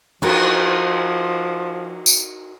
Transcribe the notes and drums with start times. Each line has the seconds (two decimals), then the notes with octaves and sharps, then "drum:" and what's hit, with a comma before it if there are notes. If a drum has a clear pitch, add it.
0.22 F3 D#4 F#4 A#4, drum: cymbal
2.06 drum: tambourine